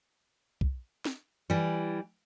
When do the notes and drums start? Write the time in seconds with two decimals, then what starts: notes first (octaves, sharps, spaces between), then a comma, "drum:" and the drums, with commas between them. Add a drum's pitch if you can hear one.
0.61 drum: kick
1.05 drum: snare
1.50 E3 G3